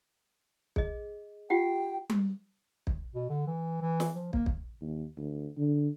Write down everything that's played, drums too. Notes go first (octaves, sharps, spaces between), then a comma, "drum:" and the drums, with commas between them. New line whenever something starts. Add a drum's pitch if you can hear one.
G#4 D#5, drum: kick
F4 G4 F#5 G5
drum: tom G3
drum: kick
B2
D3
E3
E3
drum: snare
F3
A#3, drum: kick
drum: kick
D#2
D2
D3